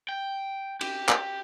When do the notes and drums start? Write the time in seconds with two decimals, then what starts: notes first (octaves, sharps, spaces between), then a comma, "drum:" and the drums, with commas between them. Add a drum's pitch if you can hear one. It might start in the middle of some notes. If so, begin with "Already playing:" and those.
0.09 G5
0.81 G4, drum: cymbal
1.09 drum: clap